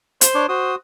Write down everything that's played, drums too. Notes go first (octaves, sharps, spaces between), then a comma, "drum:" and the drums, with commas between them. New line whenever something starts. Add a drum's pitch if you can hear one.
C5, drum: hi-hat
D4 C#5 D6
F#4 C5 D#6